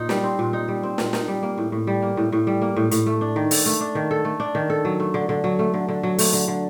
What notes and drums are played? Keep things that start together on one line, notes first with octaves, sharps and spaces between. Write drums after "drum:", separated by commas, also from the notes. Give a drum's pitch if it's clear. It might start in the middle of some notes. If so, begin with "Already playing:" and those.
Already playing: A#2 D#4
G3, drum: snare
C4
A#2
D#4
G3
C4
A#2, drum: snare
D#4, drum: snare
G3
A#3
A2
A2
G3
A#3
A2
A2
G3
A#3
A2
A2, drum: hi-hat
A3
D4
D#3
A4, drum: open hi-hat
A3
D4
D#3
A4
A3
D4
D#3
A4
F#3
A3
D3
D3
F#3
A3
D3
D3
F#3
A3, drum: open hi-hat
D3
D3